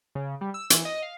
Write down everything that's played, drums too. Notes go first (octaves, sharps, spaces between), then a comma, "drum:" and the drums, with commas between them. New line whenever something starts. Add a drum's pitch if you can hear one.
C#3
G3
E6
E3, drum: hi-hat
D#5
F5